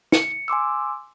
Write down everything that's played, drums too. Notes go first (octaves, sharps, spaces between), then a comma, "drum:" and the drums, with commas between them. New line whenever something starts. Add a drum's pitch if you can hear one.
C#7, drum: snare
G#5 C6 D6 E6